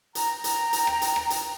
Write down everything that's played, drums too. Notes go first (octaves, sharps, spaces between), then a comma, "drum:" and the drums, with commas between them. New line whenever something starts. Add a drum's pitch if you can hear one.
G5 A#5, drum: hi-hat
drum: hi-hat
drum: hi-hat
drum: rim click
drum: hi-hat
drum: rim click
drum: hi-hat